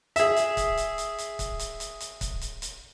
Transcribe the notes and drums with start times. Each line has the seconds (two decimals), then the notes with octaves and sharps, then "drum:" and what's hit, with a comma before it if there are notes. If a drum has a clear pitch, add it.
0.16 G#4 E5, drum: hi-hat
0.36 drum: hi-hat
0.57 drum: kick C#1, hi-hat
0.77 drum: hi-hat
0.98 drum: hi-hat
1.18 drum: hi-hat
1.39 drum: kick C#1, hi-hat
1.59 drum: hi-hat
1.80 drum: hi-hat
2.00 drum: hi-hat
2.21 drum: kick C#1, hi-hat
2.41 drum: hi-hat
2.62 drum: hi-hat